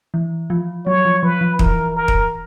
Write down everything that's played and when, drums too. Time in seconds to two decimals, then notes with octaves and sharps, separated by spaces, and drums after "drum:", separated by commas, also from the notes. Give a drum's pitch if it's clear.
0.14 E3
0.50 F3
0.86 F#3 C#5
1.05 F3
1.23 F3 B4
1.41 F3
1.59 E3 A#4, drum: kick
1.96 A#4
2.08 drum: kick